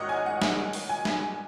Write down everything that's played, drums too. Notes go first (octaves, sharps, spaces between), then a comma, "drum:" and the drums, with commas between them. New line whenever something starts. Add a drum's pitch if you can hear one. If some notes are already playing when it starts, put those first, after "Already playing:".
Already playing: G#2 D#3 F#3 C#5 D#5 F#5
G#5
F#5
drum: snare
drum: open hi-hat
G#5
drum: snare